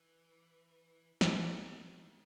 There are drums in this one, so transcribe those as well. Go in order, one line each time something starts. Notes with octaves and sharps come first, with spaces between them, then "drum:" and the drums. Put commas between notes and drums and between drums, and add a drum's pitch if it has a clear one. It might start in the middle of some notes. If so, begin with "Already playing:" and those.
Already playing: E3
D#3, drum: snare